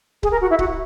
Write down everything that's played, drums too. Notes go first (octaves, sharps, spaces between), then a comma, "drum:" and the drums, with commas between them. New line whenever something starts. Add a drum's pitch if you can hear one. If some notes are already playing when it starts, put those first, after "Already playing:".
G#4, drum: kick C#1
A#4
F#4
E4
F#4, drum: kick C#1